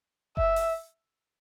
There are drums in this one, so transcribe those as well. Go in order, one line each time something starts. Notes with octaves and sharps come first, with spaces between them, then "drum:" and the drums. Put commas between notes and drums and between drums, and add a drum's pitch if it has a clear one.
E5, drum: kick F#1
drum: open hi-hat